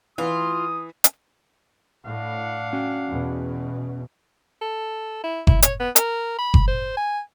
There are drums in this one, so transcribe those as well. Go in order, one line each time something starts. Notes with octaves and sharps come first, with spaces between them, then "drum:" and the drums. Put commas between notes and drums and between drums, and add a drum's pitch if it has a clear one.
E3 F4 D#6
drum: hi-hat
A2 D4 F5 F#5
C#4 F#4 G5
E2 B2
A4
E4
E4, drum: kick F#1
C#5, drum: hi-hat
B3
A#4, drum: hi-hat
B5
drum: kick F#1
C5
G#5